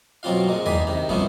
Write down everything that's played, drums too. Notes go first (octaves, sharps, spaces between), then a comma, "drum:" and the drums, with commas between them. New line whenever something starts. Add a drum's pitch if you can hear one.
B2 F#3 C4 F4 F5
A#2 G#3
E2 D#3 A#3 G#5 B5, drum: tom
C3 D#3
C2 A#2 F3 B3 C#4 E4, drum: kick